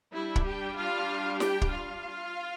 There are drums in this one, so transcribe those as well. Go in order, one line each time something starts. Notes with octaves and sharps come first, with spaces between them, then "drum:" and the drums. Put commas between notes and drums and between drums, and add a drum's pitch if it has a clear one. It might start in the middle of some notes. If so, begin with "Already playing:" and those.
G3 D4 E4 E5
drum: kick
G4 G5
F4 F5
G4 G5, drum: snare
drum: kick
F4 F5